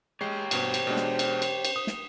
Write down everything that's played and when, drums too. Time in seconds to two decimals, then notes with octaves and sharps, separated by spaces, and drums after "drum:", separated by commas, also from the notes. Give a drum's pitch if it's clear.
0.21 G#3 G4 C#5 C7
0.51 G2 B2 C5, drum: cymbal
0.74 drum: cymbal
0.87 B2 G#3 D4
0.97 drum: snare
1.19 drum: cymbal
1.42 drum: cymbal
1.65 drum: cymbal
1.76 D#6
1.87 drum: snare